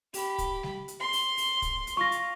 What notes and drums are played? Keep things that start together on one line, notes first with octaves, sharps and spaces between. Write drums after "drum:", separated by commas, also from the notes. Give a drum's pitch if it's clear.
G4 B5, drum: open hi-hat
drum: kick, hi-hat
drum: snare G3
drum: hi-hat
C6
drum: open hi-hat
drum: open hi-hat
drum: kick, hi-hat
drum: hi-hat
F4 C#6 A#6
drum: hi-hat